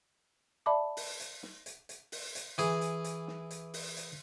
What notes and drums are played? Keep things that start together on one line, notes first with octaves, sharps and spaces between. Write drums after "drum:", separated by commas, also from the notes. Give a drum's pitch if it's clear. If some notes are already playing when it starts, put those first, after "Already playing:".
D5 E5 A5 B5 D6
drum: open hi-hat
drum: hi-hat
drum: snare
drum: hi-hat
drum: hi-hat
drum: open hi-hat
drum: hi-hat
E3 G#4, drum: hi-hat
drum: hi-hat
drum: hi-hat
drum: snare
drum: hi-hat
drum: open hi-hat
drum: hi-hat